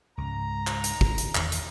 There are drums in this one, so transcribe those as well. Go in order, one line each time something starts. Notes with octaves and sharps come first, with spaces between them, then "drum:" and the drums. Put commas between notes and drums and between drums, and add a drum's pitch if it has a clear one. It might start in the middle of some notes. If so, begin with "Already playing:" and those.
C#2 G#2 A#5
drum: clap
drum: hi-hat
drum: kick
drum: hi-hat
E2 D#3 E3, drum: clap
drum: hi-hat